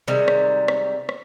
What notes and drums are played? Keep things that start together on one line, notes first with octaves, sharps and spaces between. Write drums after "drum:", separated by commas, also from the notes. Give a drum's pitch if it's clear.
C3 D#3 G3 G#3
drum: rim click
drum: rim click
drum: rim click